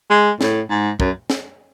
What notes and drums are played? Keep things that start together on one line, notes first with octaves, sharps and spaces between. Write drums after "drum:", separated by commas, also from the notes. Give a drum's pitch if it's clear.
G#3
A2, drum: snare
G#2
F#2, drum: kick
drum: snare